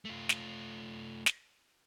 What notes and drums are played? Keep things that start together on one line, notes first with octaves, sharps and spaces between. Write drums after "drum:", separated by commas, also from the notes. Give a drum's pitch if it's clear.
A3 F4
drum: snare
drum: snare